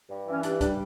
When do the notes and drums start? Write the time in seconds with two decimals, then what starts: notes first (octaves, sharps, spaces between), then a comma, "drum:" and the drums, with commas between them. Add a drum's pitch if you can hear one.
0.10 G2
0.27 E3 C#4
0.43 G2 D4, drum: hi-hat
0.61 G3 D4, drum: kick C#2, hi-hat